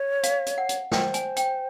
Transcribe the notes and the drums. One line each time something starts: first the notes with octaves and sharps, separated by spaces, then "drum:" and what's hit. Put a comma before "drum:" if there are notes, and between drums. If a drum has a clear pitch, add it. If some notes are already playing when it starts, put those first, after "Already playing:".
Already playing: C#5
F5, drum: hi-hat
drum: hi-hat
F#5
drum: hi-hat
C5 G5, drum: snare
G#5, drum: hi-hat
G5, drum: hi-hat